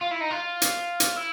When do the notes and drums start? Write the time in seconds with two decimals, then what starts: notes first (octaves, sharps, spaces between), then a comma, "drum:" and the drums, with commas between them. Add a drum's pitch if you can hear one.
0.01 F4
0.11 E4
0.21 D#4
0.30 F4
0.62 drum: hi-hat
1.00 drum: hi-hat
1.16 E4